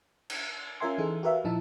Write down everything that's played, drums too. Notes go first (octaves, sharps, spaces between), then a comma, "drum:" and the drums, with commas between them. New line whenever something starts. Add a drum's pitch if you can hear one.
drum: cymbal
C#4 F4 A#4 E5 G#5 C6
E3 D#4 G#4 A4
F#4 G4 A#4 B4 E5 F5
A#2 F3 D#4 E4 E5 A5